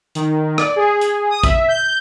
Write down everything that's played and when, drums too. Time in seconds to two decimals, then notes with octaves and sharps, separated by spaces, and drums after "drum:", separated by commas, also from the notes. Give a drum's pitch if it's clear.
0.15 D#3, drum: hi-hat
0.58 D5, drum: rim click
0.76 G#4
1.01 drum: hi-hat
1.30 D#6
1.43 E5, drum: kick A1, hi-hat
1.68 G6